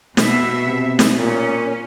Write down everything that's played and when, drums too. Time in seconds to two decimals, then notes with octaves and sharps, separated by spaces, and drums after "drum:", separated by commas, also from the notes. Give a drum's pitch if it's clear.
0.17 B2 E5, drum: snare
0.66 C3
0.99 drum: snare
1.18 A#2 C#4